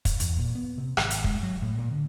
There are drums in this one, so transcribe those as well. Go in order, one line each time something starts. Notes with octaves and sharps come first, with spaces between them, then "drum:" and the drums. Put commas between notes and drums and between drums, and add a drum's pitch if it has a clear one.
drum: kick, hi-hat
E2, drum: hi-hat
A#2
B3
C3
G#1, drum: rim click
G#1, drum: hi-hat
G#3, drum: kick
F#3
A2
A#2
D3